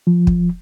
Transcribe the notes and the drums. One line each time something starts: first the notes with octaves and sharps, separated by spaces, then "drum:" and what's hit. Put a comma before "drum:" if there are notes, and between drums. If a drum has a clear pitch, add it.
F3
drum: kick